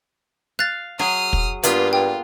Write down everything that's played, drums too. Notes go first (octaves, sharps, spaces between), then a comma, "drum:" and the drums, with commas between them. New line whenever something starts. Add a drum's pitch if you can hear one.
F5 F#6 A6
F#3 G#4 D#6 F6
drum: kick
G2 A#3 B3 F4 G#4, drum: hi-hat
F4 G5